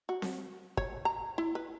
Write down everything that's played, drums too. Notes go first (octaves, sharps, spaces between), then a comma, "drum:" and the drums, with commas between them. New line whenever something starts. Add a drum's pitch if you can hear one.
F#4
drum: snare C4
C#5, drum: kick
A#5
E4
B4